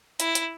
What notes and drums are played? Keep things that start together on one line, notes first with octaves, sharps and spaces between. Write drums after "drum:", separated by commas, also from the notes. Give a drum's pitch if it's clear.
E4, drum: hi-hat
drum: hi-hat